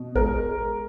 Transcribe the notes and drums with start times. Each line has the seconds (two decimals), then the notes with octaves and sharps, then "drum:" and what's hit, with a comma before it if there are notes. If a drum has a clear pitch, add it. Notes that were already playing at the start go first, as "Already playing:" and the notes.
Already playing: B2
0.16 G#3 A#4, drum: kick